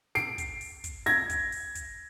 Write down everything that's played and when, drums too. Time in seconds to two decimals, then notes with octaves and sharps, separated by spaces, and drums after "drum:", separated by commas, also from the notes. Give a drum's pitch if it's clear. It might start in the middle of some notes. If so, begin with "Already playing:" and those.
0.15 C7 D7, drum: snare
0.38 drum: kick, hi-hat
0.61 drum: open hi-hat
0.84 drum: kick, hi-hat
1.06 G#6 A#6, drum: snare
1.30 drum: kick, hi-hat
1.52 drum: open hi-hat
1.75 drum: kick, hi-hat